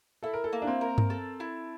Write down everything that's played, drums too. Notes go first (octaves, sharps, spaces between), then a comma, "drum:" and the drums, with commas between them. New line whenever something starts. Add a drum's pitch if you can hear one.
E4 A4
A#4
A4
A#3
D4
C4
A#4
drum: tom G2
A4
E4